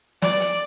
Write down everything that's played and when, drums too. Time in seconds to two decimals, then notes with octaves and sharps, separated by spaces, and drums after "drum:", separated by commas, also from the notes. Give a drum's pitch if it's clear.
0.22 D5, drum: snare
0.40 drum: hi-hat